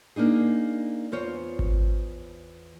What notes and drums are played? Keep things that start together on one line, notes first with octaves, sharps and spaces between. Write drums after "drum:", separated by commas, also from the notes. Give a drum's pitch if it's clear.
A#3 D4 D#4 G#4
E2 F4 C5 C#5
drum: kick G#1